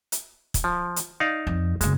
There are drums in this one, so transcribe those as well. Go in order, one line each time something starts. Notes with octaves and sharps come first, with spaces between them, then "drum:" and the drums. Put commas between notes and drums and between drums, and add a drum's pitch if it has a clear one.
drum: hi-hat
drum: kick, hi-hat
F3
drum: hi-hat
D#4 D5 F5
F2
F#1 G#3 C4, drum: hi-hat